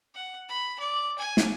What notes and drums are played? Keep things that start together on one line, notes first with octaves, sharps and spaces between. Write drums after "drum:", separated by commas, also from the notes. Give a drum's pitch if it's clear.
F#5
B5
D5
G#5
drum: snare